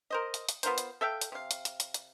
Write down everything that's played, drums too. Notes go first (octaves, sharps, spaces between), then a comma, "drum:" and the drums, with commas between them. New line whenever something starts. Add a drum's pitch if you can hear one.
A#4 C5 D#5
drum: hi-hat
drum: hi-hat
B3 F4 A#4 C5, drum: hi-hat
drum: hi-hat
A4 E5 F5 G5
drum: hi-hat
C3 F5
drum: hi-hat
drum: hi-hat
drum: hi-hat
drum: hi-hat